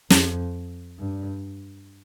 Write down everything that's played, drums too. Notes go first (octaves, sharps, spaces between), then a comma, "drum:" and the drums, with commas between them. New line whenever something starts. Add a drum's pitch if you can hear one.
F2, drum: snare
G2